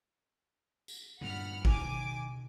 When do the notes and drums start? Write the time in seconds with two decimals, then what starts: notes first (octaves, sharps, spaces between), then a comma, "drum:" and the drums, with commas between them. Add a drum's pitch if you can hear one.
0.88 drum: tambourine
1.21 G2 A#2 D3 F#5 B5 F6
1.65 D#3 G#5 D6, drum: kick G#1